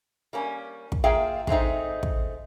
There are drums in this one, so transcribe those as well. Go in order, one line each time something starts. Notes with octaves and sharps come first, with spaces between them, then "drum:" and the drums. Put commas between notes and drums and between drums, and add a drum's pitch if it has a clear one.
G3 A#3 C#4
drum: kick
A#3 F4 G#4 E5 F5 G5
G#3 A3 C4 D#4, drum: kick
drum: kick